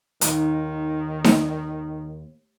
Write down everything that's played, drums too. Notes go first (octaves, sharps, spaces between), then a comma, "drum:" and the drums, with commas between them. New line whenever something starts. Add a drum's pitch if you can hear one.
D#2 D#3, drum: hi-hat
drum: snare D#4